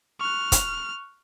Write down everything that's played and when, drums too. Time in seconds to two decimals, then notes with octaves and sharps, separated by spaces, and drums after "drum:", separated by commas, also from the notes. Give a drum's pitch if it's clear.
0.21 C#6 F6 F#6
0.52 drum: kick, hi-hat